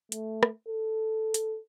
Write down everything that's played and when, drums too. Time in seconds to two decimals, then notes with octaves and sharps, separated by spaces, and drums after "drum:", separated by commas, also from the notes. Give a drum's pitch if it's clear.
0.12 A3, drum: hi-hat
0.43 drum: rim click
0.68 A4
1.34 drum: hi-hat